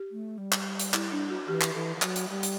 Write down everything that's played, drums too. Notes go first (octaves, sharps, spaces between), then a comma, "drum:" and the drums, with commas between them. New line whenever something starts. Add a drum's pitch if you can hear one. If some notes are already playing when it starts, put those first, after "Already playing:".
Already playing: G4
A3
G3
drum: clap
drum: hi-hat
E4, drum: clap
D4
F#4
E3 G4
drum: clap
E3 A4
E3
F#3, drum: clap
drum: hi-hat
G3
drum: hi-hat